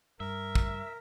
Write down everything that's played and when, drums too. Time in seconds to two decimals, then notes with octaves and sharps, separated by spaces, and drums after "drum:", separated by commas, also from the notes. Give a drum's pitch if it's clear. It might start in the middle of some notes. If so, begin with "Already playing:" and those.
0.20 G2 A#4 E5
0.55 drum: kick